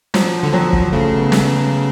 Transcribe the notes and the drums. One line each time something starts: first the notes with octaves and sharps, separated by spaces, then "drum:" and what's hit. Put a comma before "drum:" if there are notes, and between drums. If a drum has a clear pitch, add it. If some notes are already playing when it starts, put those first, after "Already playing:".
F3 F#3, drum: snare
D3
F3 F#3
drum: kick
C#3 A3
B3
drum: snare